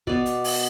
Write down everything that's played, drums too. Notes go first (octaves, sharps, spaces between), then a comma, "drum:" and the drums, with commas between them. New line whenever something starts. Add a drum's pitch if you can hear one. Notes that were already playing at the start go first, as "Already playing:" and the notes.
B2 B3 D5, drum: kick
drum: hi-hat
drum: open hi-hat